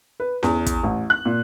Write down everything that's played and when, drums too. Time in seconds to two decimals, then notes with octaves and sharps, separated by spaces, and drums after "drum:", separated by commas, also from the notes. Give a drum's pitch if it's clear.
0.20 B4
0.43 E2, drum: snare C#4
0.66 drum: kick, hi-hat
0.83 A1
1.10 F#6
1.25 A#2